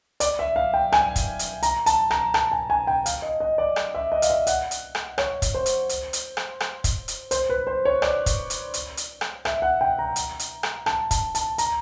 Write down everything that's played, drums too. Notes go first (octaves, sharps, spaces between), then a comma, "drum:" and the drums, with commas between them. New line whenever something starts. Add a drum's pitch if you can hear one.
D5, drum: hi-hat
E5
F5
G5
G#5, drum: rim click
drum: kick, hi-hat
drum: hi-hat
A#5, drum: hi-hat
A5, drum: hi-hat
A#5, drum: rim click
A5, drum: rim click
G#5
G#5
G5
F5, drum: hi-hat
D#5
D#5
D5
drum: rim click
E5
D#5
F5, drum: hi-hat
E5
F#5, drum: hi-hat
drum: hi-hat
drum: rim click
C#5, drum: rim click
drum: kick, hi-hat
C5
drum: hi-hat
drum: hi-hat
drum: hi-hat
drum: rim click
drum: rim click
drum: kick, hi-hat
drum: hi-hat
C5, drum: hi-hat
B4
C5
C#5
D5, drum: rim click
drum: kick, hi-hat
drum: hi-hat
drum: hi-hat
drum: hi-hat
drum: rim click
E5, drum: rim click
F#5
G5
A#5
drum: hi-hat
drum: hi-hat
drum: rim click
A5, drum: rim click
A5, drum: kick, hi-hat
A5, drum: hi-hat
A#5, drum: hi-hat